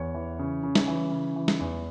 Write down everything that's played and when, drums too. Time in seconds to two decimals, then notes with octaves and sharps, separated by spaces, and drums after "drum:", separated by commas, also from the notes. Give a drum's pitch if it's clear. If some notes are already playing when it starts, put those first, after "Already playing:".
Already playing: E2 C#5
0.14 E3
0.39 C#3
0.63 C#3
0.75 drum: snare
0.88 E3
1.12 C#3
1.36 E3
1.48 drum: snare
1.60 E2